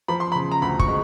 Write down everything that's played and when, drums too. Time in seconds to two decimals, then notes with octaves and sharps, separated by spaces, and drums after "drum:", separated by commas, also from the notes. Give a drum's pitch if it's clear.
0.08 F3 B5
0.20 C6
0.32 C#3 B5
0.52 A#5
0.62 D2 B5
0.79 C#6, drum: kick
0.88 G#3